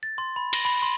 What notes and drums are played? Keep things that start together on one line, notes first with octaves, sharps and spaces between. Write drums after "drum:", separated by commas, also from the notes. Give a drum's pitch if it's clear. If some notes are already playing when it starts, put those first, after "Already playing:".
A6
C6
B5
A#6, drum: cymbal
B5
C6